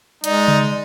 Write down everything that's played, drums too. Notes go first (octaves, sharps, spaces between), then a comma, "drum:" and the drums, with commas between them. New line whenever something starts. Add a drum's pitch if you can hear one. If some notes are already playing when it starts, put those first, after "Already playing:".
G#3 D#4 D5, drum: hi-hat
drum: tom C#3